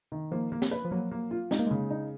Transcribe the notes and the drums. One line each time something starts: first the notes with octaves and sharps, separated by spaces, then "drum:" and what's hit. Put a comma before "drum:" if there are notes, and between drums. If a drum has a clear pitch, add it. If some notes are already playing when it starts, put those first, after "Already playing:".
D#3
F3 A#3
A#3
drum: snare
B4
F3
F#3 A#3
A#3
F4
G#3 D#4, drum: snare
A#3
C#3 G#3
D#4